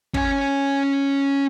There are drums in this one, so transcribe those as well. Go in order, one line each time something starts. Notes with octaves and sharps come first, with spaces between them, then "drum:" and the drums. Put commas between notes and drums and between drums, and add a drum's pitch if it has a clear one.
C#4 G#5, drum: kick